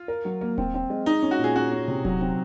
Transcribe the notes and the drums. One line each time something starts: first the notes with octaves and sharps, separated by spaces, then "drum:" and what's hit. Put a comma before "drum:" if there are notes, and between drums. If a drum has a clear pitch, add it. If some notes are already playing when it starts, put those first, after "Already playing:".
Already playing: F4
A#4
F#3
A#3
C4, drum: kick D#1
C4
G#3
G#3 D#4
C#4
F#4
A#2
G#4
C#4 F#4
C#4
C3
F#3, drum: kick D#1
C4